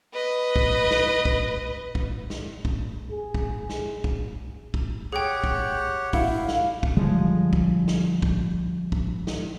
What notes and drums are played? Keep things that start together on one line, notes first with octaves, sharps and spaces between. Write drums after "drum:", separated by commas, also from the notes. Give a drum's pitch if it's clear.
B4 D#5
drum: kick
drum: snare
drum: kick
drum: kick
drum: snare
drum: kick
G#4
drum: kick
drum: snare
drum: kick
drum: kick
G4 G#4 C#5 F#5 G5
drum: kick
E4 F5 F#5, drum: kick
drum: snare
drum: kick
D3 F3 G3 G#3
drum: kick
drum: snare
drum: kick
drum: kick
drum: snare